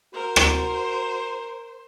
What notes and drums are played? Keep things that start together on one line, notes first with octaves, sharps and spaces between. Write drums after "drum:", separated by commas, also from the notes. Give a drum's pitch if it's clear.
F#4 A#4 C5
drum: rim click